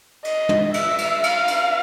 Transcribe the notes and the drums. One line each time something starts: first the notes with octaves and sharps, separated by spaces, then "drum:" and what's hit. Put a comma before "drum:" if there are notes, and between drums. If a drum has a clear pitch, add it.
D#5, drum: cymbal
drum: tom
E5, drum: cymbal
drum: cymbal
F5, drum: cymbal
drum: cymbal